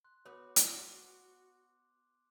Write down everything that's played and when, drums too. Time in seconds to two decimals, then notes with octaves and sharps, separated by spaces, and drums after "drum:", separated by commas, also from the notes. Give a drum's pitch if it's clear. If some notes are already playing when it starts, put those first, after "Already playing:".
0.04 C6 F#6
0.26 B3 F#4 C#5 D6 F#6
0.56 drum: hi-hat